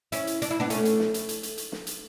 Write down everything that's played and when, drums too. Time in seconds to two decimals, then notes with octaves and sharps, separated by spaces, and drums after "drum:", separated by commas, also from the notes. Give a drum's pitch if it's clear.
0.12 C#4 E4, drum: hi-hat
0.27 drum: hi-hat
0.42 D4, drum: hi-hat
0.51 E4
0.60 B3 D4
0.70 A3 C#4, drum: hi-hat
0.85 drum: hi-hat
1.00 drum: snare
1.14 drum: hi-hat
1.29 drum: hi-hat
1.43 drum: hi-hat
1.58 drum: hi-hat
1.72 drum: snare
1.87 drum: hi-hat